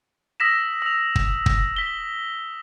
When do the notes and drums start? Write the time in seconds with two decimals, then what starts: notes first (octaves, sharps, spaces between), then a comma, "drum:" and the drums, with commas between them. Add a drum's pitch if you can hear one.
0.40 D#6 E6 A#6 B6 E7
0.82 E6 F7
1.16 drum: kick
1.46 drum: kick
1.76 B6 G7